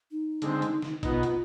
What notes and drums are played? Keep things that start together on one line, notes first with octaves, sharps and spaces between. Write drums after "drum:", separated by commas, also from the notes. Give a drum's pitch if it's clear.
D#4
D3 G#3 C4, drum: hi-hat
drum: hi-hat
drum: snare
B2 B3 D#4 F4, drum: kick A1, hi-hat
drum: hi-hat